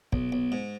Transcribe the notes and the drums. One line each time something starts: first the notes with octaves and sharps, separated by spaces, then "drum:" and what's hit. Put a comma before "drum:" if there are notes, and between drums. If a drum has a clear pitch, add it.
B1, drum: kick
B1
G#2